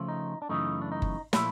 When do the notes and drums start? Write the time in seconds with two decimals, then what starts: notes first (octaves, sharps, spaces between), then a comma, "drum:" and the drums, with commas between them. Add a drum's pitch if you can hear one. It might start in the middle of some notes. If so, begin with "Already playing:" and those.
Already playing: C#3 F3 A3
0.08 D#4
0.42 D4
0.49 F#2 C#3 E3 A3 D#4
0.82 D4
0.92 D#4
1.02 drum: kick F#1
1.33 A#2 F3 A3 E4, drum: snare